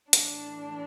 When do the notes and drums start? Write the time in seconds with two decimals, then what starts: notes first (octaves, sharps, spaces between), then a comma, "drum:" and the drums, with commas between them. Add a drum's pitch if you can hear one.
0.13 A2 E3 D4, drum: hi-hat